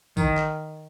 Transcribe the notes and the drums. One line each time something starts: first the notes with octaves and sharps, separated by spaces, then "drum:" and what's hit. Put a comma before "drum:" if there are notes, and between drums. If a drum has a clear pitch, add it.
D#3, drum: kick, tambourine
drum: clap